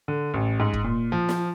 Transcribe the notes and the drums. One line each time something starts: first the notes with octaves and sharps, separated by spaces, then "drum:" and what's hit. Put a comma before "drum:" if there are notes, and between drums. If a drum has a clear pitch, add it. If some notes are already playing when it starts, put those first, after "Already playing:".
D3
A1
G#2
drum: kick
A#2
F3
drum: snare